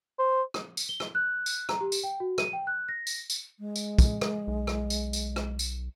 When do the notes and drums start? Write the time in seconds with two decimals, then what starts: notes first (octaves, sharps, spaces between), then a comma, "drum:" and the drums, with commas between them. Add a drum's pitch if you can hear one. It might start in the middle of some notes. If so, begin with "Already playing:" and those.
0.19 C5
0.54 drum: rim click
0.77 drum: tambourine
0.89 G7
1.00 drum: rim click
1.15 F#6
1.46 drum: tambourine
1.69 A#5, drum: rim click
1.81 G4
1.92 drum: tambourine
2.04 G5
2.20 F#4
2.38 D#7, drum: rim click
2.53 G5
2.67 F#6
2.89 A#6
3.07 drum: tambourine
3.30 drum: tambourine
3.59 G#3
3.76 drum: tambourine
3.99 drum: kick, tambourine
4.21 drum: rim click
4.47 B1
4.67 drum: rim click
4.90 drum: tambourine
5.13 drum: tambourine
5.36 drum: rim click
5.59 drum: tambourine